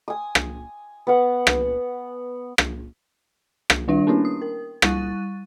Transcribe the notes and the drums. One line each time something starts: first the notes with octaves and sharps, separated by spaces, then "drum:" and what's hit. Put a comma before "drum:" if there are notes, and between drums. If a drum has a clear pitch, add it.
G#5 D#6
drum: rim click
B3 F#5
drum: rim click
drum: rim click
drum: rim click
D#3 G3 D4 F4 E5
A#3 B3 C#4 D4 E4
D#6
A#4
G3 C#6 F#6 A6 D#7, drum: rim click